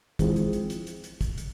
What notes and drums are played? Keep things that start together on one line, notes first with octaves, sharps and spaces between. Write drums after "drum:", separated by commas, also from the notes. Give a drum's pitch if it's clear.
F3 G#3 C4 E4 G#4, drum: kick, hi-hat
drum: hi-hat
drum: hi-hat
drum: hi-hat
drum: hi-hat
drum: hi-hat
drum: kick, hi-hat
drum: hi-hat